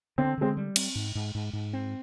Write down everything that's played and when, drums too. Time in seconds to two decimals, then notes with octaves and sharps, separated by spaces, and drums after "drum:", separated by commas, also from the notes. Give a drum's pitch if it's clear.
0.18 D3 C4
0.38 D3 G#3 C4
0.57 G3
0.76 C4, drum: cymbal
0.95 G#2
1.15 G#2
1.35 G#2
1.53 G#2
1.73 C4